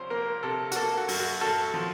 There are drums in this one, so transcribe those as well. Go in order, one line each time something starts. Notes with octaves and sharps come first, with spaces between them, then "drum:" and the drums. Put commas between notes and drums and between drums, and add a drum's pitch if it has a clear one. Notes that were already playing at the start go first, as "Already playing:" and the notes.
Already playing: C2 F3 C5 C#5
A#3 A#4
C3 A4
F#4, drum: hi-hat
A#3 A4
F#4
F#2, drum: open hi-hat
F#4
F#2 A4
F3